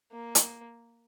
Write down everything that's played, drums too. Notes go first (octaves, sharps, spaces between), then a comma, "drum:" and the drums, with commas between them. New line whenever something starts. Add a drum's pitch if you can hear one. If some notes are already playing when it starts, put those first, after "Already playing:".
A#3
drum: hi-hat